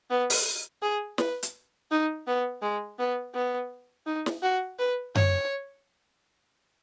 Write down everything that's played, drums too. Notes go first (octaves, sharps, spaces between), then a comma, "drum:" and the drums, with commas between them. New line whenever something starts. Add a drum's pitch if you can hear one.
B3
drum: open hi-hat
G#4
B4, drum: snare
drum: hi-hat
D#4
B3
G#3
B3
B3
D#4
drum: snare
F#4
B4
C#5, drum: tom F#2